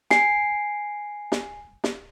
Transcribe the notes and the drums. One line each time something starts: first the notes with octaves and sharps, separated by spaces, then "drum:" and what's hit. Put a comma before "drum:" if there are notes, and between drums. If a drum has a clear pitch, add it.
G#5 C7, drum: snare
drum: snare
drum: snare